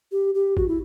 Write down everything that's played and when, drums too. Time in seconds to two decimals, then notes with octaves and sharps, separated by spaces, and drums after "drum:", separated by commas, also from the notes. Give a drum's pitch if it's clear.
0.12 G4
0.35 G4
0.57 F#4, drum: kick G#1
0.68 E4